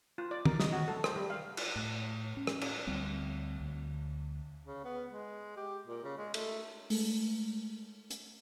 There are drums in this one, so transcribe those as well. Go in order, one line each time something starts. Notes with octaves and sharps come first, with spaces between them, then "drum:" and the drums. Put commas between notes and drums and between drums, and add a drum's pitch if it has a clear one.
F4
D5
A#4, drum: tom
D#5, drum: snare
F#4
A4
C5, drum: rim click
G3
F5
drum: cymbal
A2
C#4
drum: rim click
drum: cymbal
D2 G3 C4
D2
C#3
B3
G#3
G4
A#2
C#3
G#3
A3, drum: cymbal
G#3 A3, drum: open hi-hat
drum: hi-hat